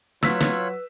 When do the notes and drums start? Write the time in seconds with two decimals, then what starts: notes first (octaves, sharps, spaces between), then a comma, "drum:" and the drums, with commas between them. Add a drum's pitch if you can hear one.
0.23 F#3 F4 B4 C#5 E6 F#6 B6, drum: snare
0.41 drum: snare